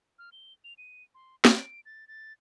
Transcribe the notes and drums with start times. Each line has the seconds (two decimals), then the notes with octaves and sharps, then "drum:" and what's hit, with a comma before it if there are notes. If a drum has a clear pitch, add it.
0.19 F6
0.32 G7
0.64 F7
0.78 D#7
1.15 C6
1.45 D7, drum: snare
1.86 A6
2.08 A6